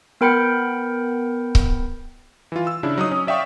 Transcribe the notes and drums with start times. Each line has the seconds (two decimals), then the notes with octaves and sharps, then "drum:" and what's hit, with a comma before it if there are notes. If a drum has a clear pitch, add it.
0.21 B3 A#4 G5 B5 G6 C#7
1.55 drum: kick C#1
2.52 E3 F4
2.67 E6
2.83 C#3 D4 E4
2.98 F#3 D#4 D#6
3.11 C#4
3.27 D5 E5 F5 G5 C#6